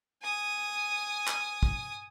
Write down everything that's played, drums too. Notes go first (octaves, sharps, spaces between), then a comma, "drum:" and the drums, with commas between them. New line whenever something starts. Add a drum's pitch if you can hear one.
G#5 D#6
drum: clap
drum: kick